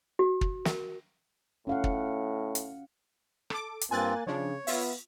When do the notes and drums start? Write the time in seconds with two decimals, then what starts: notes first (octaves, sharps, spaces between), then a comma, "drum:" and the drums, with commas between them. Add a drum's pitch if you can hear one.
0.19 F#4
0.41 drum: kick
0.65 A#4, drum: snare
1.67 A2 C#4 F5 F#5
1.84 drum: kick
2.55 drum: hi-hat
3.50 A4 D6, drum: rim click
3.81 drum: hi-hat
3.91 G2 A#3 C4 F4 G#5 F#6 A6
4.27 C#3 F3 D4 C#5
4.67 B3 F4 E5, drum: open hi-hat